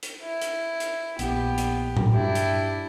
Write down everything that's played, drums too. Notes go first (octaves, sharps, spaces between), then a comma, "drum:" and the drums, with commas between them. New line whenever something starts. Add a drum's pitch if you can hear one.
drum: hi-hat
E4
drum: hi-hat
drum: hi-hat
A#1 B3 G4, drum: hi-hat
drum: hi-hat
drum: tom A2
G2 D4 E4 G4
drum: hi-hat